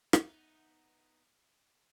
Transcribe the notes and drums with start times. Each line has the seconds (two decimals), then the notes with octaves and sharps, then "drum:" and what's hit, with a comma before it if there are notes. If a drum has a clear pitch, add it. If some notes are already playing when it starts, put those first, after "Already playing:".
0.13 B3 D#4, drum: rim click